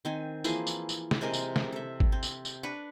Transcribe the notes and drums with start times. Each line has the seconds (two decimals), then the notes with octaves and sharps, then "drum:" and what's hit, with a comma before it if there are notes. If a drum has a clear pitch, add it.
0.05 D#3 C4 G#5
0.44 E3 F3 A#3 G#4, drum: tambourine
0.67 drum: tambourine
0.89 drum: tambourine
1.11 drum: snare
1.21 C3 G#3 A#4 G#5
1.33 drum: tambourine
1.56 drum: snare
1.73 A4 E5
2.00 drum: kick G#1
2.12 C4
2.23 drum: tambourine
2.45 drum: tambourine
2.63 D4 B4 B5 C#6